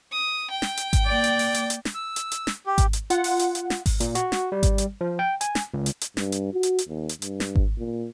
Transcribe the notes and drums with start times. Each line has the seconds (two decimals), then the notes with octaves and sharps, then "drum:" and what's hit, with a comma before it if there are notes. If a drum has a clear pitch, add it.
0.12 D#6
0.50 G5
0.62 drum: snare
0.77 drum: hi-hat
0.93 drum: kick G#1, hi-hat
1.05 A#3 D5
1.24 drum: hi-hat
1.39 drum: open hi-hat
1.54 drum: hi-hat
1.70 drum: hi-hat
1.85 drum: snare
1.94 E6
2.16 drum: hi-hat
2.32 drum: hi-hat
2.47 drum: snare
2.66 G4
2.78 drum: kick G#1, hi-hat
2.93 drum: hi-hat
3.10 F4 F#5, drum: hi-hat
3.24 drum: open hi-hat
3.39 drum: hi-hat
3.55 drum: hi-hat
3.70 drum: snare
3.86 drum: kick G#1, open hi-hat
4.00 A#2, drum: hi-hat
4.15 F#4, drum: hi-hat
4.32 drum: snare
4.52 G3
4.63 drum: kick G#1, hi-hat
4.78 drum: hi-hat
5.01 F3
5.19 G5
5.41 G#5, drum: hi-hat
5.55 drum: snare
5.74 C#2
5.86 drum: hi-hat
6.01 drum: hi-hat
6.17 G2, drum: snare
6.32 drum: hi-hat
6.53 F#4
6.63 drum: hi-hat
6.78 drum: hi-hat
6.88 D#2
7.09 drum: hi-hat
7.22 G2, drum: hi-hat
7.40 drum: snare
7.56 drum: kick G#1
7.78 A#2